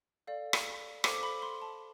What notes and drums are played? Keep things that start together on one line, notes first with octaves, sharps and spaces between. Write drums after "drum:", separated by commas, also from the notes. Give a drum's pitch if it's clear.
A4 D5 F5
drum: rim click
A4 C5 F5 D6, drum: rim click
B5
C6
A5